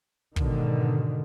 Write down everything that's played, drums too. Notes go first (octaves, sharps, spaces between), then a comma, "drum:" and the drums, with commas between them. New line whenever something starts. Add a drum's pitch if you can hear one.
G#2 B2 D3 D#3, drum: kick